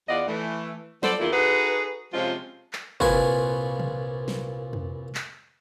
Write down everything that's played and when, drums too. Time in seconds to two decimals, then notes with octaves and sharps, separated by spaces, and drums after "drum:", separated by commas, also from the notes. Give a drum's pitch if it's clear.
0.08 E2 B3 F4 D5 D#5 F#5
0.28 E3 A3
1.03 F3 B3 A4 C5 D5, drum: snare
1.20 E2 D#3 A#3 E4 F4
1.32 D#4 F#4 G#4 A4 B4
2.13 C3 F3 G#3 C#4 F4
2.73 drum: clap
3.00 C2 A#2 F4 B4 G#5 C#6, drum: kick
3.80 drum: tom C3
4.28 drum: snare
4.73 drum: tom F2
5.15 drum: clap